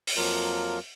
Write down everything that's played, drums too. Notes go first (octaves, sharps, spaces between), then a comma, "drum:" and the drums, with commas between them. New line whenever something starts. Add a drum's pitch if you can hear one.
drum: open hi-hat
F2 F3 F#3 A#3 F4 A#4